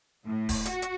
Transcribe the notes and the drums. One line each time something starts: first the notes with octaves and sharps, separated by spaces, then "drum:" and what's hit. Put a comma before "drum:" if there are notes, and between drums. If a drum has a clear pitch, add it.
A2
drum: kick D#1, open hi-hat
F#4, drum: hi-hat
drum: hi-hat